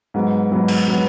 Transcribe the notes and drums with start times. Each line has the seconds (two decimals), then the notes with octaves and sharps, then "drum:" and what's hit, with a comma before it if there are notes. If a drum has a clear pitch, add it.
0.14 G#2 F#3 B3
0.51 G#2 F#3 B3
0.68 drum: cymbal
0.88 F#3 B3